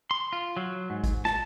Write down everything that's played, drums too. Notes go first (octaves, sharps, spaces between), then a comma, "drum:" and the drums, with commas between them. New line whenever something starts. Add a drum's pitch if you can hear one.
C6
F4
F#3
G#2
drum: kick G#1, hi-hat
A5, drum: snare